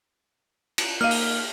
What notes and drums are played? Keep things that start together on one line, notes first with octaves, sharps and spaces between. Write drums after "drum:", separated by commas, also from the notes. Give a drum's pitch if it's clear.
drum: cymbal
A#3 D#4 A#4 F5 F6 D#7
drum: open hi-hat